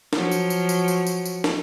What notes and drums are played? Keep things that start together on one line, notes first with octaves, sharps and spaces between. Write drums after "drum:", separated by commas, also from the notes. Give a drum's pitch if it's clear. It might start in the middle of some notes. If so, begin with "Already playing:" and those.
F3 F#3, drum: snare
drum: tambourine
drum: tambourine
drum: tambourine
drum: tambourine
drum: tambourine
drum: tambourine
drum: snare